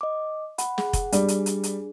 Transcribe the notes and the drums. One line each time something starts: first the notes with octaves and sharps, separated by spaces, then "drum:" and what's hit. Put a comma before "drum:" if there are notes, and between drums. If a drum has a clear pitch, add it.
D#5 D6
F#5 B5, drum: hi-hat
G#4 F#5, drum: snare
drum: kick F1, hi-hat
G3 D4 G#4, drum: hi-hat
drum: hi-hat
drum: hi-hat
drum: hi-hat